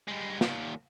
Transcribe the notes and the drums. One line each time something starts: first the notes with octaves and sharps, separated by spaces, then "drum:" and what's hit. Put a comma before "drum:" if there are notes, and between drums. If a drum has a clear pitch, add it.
G2 G#3
D#2 A#2, drum: snare